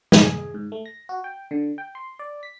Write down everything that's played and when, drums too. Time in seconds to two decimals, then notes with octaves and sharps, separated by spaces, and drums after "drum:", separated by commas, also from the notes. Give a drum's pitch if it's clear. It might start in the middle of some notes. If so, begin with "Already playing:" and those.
0.12 drum: snare
0.24 G#4
0.54 G#2
0.72 A3
0.86 A#6
1.09 F#4
1.24 G5
1.51 D3
1.78 G5
1.95 C6
2.19 D5
2.43 B6